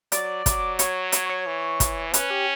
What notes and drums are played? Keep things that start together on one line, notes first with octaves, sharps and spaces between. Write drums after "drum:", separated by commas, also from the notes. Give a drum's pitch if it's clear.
F#3 D5, drum: hi-hat
F#3, drum: kick, hi-hat
C#5, drum: hi-hat
C#5, drum: hi-hat
C#5
E3
drum: kick, hi-hat
C#4 B4, drum: hi-hat
G4